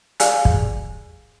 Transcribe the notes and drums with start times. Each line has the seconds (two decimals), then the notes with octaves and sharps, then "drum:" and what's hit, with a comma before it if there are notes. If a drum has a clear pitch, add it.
0.20 G4 G#4 D5 F5 G#5, drum: hi-hat
0.45 drum: kick